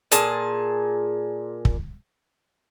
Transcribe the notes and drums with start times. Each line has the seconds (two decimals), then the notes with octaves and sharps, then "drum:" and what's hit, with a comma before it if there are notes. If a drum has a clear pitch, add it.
0.12 A#2 G#4 A5, drum: hi-hat
1.65 drum: kick